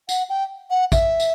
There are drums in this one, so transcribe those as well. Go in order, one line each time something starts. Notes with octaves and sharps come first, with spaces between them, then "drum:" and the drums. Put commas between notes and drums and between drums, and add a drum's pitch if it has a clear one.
F#5, drum: tambourine
G5
F#5
E5, drum: kick, tambourine
drum: tambourine